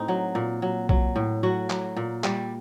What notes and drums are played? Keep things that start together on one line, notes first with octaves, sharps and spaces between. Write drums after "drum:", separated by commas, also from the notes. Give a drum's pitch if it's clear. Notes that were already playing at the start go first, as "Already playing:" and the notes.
Already playing: A2 C4 D#4
F#3
A#2
F#3
F#3, drum: kick B1
A2
F#3 F#4
F#3, drum: clap
A#2
G3, drum: clap